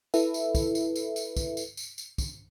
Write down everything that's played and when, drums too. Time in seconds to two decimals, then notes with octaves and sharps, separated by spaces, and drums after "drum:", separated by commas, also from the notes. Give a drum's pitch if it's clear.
0.14 E4 A4 B4 E5, drum: tambourine
0.34 drum: tambourine
0.55 drum: kick, tambourine
0.75 drum: tambourine
0.96 drum: tambourine
1.16 drum: tambourine
1.36 drum: kick, tambourine
1.57 drum: tambourine
1.77 drum: tambourine
1.98 drum: tambourine
2.18 drum: kick, tambourine